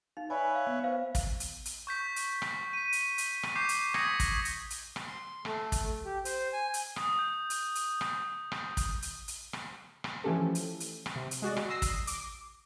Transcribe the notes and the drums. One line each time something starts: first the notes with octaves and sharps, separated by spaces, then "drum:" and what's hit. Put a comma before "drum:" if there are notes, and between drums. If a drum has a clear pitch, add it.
D#4 F5
B4 C#5 D5 E5 G#5 B5
F5
B3
B4 C5 F5
drum: kick, hi-hat
drum: hi-hat
drum: hi-hat
C#6 G6 B6
drum: hi-hat
drum: rim click
B6 D#7
drum: hi-hat
drum: hi-hat
drum: rim click
C#6 D6 G6 C7
drum: hi-hat
D#6 G#6 A#6 B6 C#7, drum: rim click
drum: kick, hi-hat
drum: hi-hat
drum: hi-hat
drum: rim click
C6
A3, drum: rim click
drum: kick, hi-hat
G4
C5, drum: hi-hat
G#5
drum: hi-hat
D#6, drum: rim click
G6
drum: hi-hat
drum: hi-hat
drum: rim click
drum: rim click
drum: kick, hi-hat
drum: hi-hat
drum: hi-hat
drum: rim click
drum: rim click
E3 F3 A3 C#4 G4 A4
drum: hi-hat
drum: hi-hat
drum: rim click
C3
drum: hi-hat
G#3 F#4 D5
drum: rim click
D#6 E6 A#6 C7
drum: kick, hi-hat
D6, drum: hi-hat